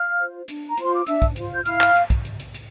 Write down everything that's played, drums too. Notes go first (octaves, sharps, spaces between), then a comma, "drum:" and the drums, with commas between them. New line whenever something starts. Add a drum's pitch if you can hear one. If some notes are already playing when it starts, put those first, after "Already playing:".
Already playing: F5 F6
F4 C5
D4, drum: hi-hat
A#5
F4 C5 C6, drum: hi-hat
D6
D4 E5 E6, drum: hi-hat
drum: kick, hi-hat
F4 C5, drum: hi-hat
G6
E4 F5 F6, drum: hi-hat
drum: clap
drum: hi-hat
drum: kick, hi-hat
drum: hi-hat
drum: hi-hat
drum: hi-hat